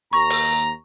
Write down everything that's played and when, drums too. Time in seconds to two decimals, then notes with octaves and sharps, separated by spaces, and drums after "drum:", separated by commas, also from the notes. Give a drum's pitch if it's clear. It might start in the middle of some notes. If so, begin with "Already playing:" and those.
0.13 D#2 A#5 C#6
0.30 drum: open hi-hat